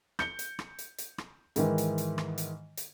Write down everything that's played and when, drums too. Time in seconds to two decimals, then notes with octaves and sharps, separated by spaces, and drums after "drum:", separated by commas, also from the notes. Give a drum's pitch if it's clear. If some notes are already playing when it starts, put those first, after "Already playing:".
0.19 G6 C#7 G7, drum: rim click
0.39 drum: hi-hat
0.59 drum: rim click
0.79 drum: hi-hat
0.98 drum: hi-hat
1.18 drum: rim click
1.56 G#2 D#3 E3, drum: hi-hat
1.78 drum: hi-hat
1.98 drum: hi-hat
2.18 drum: rim click
2.38 drum: hi-hat
2.77 drum: hi-hat